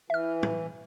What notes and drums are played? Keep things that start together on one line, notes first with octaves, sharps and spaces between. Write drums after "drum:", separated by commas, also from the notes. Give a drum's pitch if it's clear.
E3 E5 F6
drum: tom